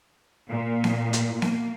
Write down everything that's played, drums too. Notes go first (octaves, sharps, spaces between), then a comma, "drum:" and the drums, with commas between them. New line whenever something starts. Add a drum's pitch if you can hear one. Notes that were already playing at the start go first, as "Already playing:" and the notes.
A#2
drum: snare B3
drum: hi-hat
A#3, drum: snare B3